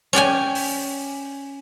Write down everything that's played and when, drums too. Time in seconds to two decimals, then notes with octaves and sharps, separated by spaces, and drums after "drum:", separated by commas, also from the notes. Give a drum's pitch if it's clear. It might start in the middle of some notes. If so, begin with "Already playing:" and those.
0.13 C#4 D5 G5 G#5
0.55 drum: open hi-hat